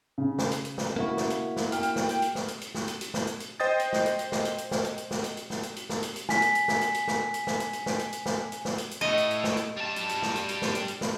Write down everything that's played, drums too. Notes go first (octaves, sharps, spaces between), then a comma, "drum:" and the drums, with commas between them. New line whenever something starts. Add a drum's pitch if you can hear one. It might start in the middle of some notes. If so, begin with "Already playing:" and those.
C#3
drum: snare
drum: hi-hat
drum: hi-hat
drum: snare
A#3 E4 F#4
drum: snare
drum: hi-hat
drum: snare
G5 F6, drum: hi-hat
drum: hi-hat
drum: snare
drum: hi-hat
drum: hi-hat
drum: snare
drum: hi-hat
drum: hi-hat
drum: snare
drum: hi-hat
drum: hi-hat
drum: snare
drum: hi-hat
drum: hi-hat
C5 D#5 G5 D#6 A6
drum: hi-hat
drum: snare
drum: hi-hat
drum: hi-hat
drum: snare
drum: hi-hat
drum: hi-hat
drum: snare
drum: hi-hat
drum: hi-hat
drum: snare
drum: hi-hat
drum: hi-hat
drum: snare
drum: hi-hat
drum: hi-hat
drum: snare
drum: hi-hat
drum: hi-hat
G#5 B6, drum: snare
drum: hi-hat
drum: hi-hat
drum: snare
drum: hi-hat
drum: hi-hat
drum: snare
drum: hi-hat
drum: snare
drum: hi-hat
drum: hi-hat
drum: snare
drum: hi-hat
drum: hi-hat
drum: snare
drum: hi-hat
drum: snare
drum: hi-hat
drum: hi-hat
A2 A3 D#5
drum: hi-hat
drum: hi-hat
drum: snare
drum: hi-hat
G3 A5
drum: hi-hat
drum: hi-hat
drum: snare
drum: hi-hat
drum: hi-hat
drum: snare
drum: hi-hat
drum: hi-hat
drum: snare